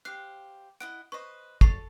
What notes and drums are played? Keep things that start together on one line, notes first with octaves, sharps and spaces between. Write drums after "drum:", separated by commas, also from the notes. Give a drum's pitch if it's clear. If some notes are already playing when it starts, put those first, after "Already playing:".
G4 C5 F5 F#6 C7
E4 D#5 F#5 D7
B4 C5 D#5 C#6
F#1 A4 A5 C#6 C7 F7, drum: kick